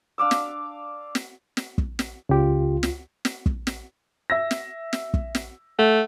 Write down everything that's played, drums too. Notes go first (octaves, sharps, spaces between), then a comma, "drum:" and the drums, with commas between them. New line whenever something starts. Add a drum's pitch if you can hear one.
D4 F5 D6 E6
drum: snare
drum: snare
drum: snare
drum: kick
drum: snare
C#2 C#3 F4 G4
drum: snare
drum: snare
drum: kick
drum: snare
E5 E6 A#6
drum: snare
drum: snare
drum: kick
drum: snare
A3 F#5